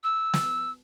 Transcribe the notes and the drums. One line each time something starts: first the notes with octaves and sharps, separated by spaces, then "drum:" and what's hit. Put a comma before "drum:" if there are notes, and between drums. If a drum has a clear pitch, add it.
E6
drum: snare